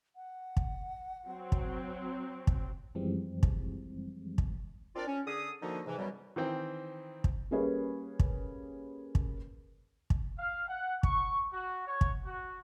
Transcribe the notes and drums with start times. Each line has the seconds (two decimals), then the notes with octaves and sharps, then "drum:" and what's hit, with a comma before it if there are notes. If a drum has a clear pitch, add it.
0.16 F#5
0.57 drum: kick
1.28 F#3 C4
1.52 drum: kick
2.47 drum: kick
2.95 F#2 E3 F3 G3 G#3 C4
3.43 drum: kick
4.38 drum: kick
4.96 C4 D4 F4 A#4 D5
5.07 C#4
5.27 D3 G#4 D#6
5.62 D3 D#3 F3 A#3 D#4 F#4
5.86 G#2 C3 E3
5.98 F#2 B2 F#3 G3
6.36 D#3 E3 C4 G5
7.24 drum: kick
7.51 G3 A#3 C#4 G#4 B4 C#5
8.20 drum: kick
9.15 drum: kick
10.10 drum: kick
10.39 F5
10.68 F#5
11.03 C#6, drum: kick
11.52 F#4
11.87 C#5
12.01 drum: kick
12.25 F#4